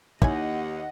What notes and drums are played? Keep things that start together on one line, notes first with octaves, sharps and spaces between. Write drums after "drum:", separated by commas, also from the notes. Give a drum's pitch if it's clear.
D#2 E4 C#5 D#5 F#5 G#5, drum: kick